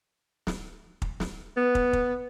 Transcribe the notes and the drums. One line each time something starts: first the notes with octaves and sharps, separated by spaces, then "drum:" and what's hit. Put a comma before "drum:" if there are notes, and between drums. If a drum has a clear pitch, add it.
drum: snare
drum: kick
drum: snare
B3
drum: kick
drum: kick